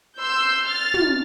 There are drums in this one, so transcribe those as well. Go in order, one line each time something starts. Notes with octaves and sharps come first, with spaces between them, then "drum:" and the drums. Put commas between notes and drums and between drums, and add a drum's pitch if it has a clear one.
C6 E6 G6
F6 A6
drum: tom